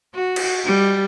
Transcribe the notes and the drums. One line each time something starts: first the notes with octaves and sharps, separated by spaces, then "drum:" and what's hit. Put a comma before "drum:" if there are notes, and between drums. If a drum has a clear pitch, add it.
F#4
drum: cymbal
G3